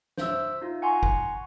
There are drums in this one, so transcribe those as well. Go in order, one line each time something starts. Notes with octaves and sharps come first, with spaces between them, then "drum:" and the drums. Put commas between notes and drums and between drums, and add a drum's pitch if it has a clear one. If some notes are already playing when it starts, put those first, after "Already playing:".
C5 E5 E6, drum: snare
D#4 F4
F#5 G#5 A#5 C6 C#6
drum: kick